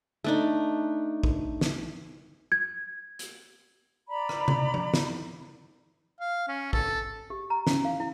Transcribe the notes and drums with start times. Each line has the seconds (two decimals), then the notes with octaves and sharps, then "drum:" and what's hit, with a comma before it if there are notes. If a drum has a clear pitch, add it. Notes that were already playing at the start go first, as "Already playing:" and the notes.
0.24 A3 D4 D#4
1.23 drum: kick
1.61 drum: snare
2.52 G#6
3.19 drum: hi-hat
4.08 D5 A#5 B5
4.29 drum: rim click
4.48 drum: tom C3
4.74 drum: tom F3
4.94 drum: snare
6.20 F5
6.48 C#4
6.73 A4, drum: kick
7.30 G4
7.50 A#5
7.67 C#4, drum: snare
7.85 F5
8.00 E4